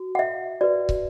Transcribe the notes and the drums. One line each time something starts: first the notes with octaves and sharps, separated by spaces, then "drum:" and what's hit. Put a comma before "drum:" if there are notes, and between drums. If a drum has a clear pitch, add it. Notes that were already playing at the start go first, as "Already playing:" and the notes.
Already playing: F#4
F#5
E5
F#4 B4 D5
drum: kick